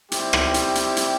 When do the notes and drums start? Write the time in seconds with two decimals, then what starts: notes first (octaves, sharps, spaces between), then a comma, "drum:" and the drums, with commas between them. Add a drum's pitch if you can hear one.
0.12 G3 C4 E4 G4, drum: hi-hat
0.33 drum: rim click
0.54 drum: hi-hat
0.75 drum: hi-hat
0.97 drum: hi-hat